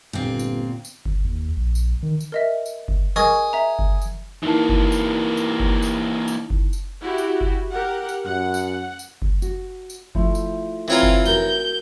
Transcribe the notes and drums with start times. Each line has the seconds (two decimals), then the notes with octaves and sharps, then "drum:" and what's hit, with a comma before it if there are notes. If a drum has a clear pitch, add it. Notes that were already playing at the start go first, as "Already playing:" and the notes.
0.13 G1 A#2 C4
0.39 drum: tambourine
0.85 drum: tambourine
1.06 G1, drum: kick F#1
1.24 D#2
1.56 A#1
1.75 drum: tambourine
2.03 D#3
2.20 drum: tambourine
2.32 A#4 D#5 E5
2.66 drum: tambourine
2.88 drum: kick F#1
3.16 G#4 A#4 D#5 C#6
3.53 E5 A#5
3.79 drum: kick F#1
4.01 drum: tambourine
4.43 E3 A#3 D#4 E4 A5
4.69 drum: kick F#1
4.92 drum: tambourine
5.37 drum: tambourine
5.60 drum: kick F#1
5.82 drum: tambourine
6.28 drum: tambourine
6.50 drum: kick F#1
6.73 drum: tambourine
7.02 E4 F#4 G4
7.18 drum: tambourine
7.41 drum: kick F#1
7.71 G4 A#4 F#5
8.09 drum: tambourine
8.25 F#2 F#5
8.54 drum: tambourine
8.99 drum: tambourine
9.22 drum: kick F#1
9.42 F#4, drum: tambourine
9.90 drum: tambourine
10.15 F3 A3 E4, drum: kick F#1
10.35 drum: tambourine
10.88 E3 C4 F4 C#5 A#5
11.03 drum: kick F#1
11.25 F#4 A#4 G6, drum: tambourine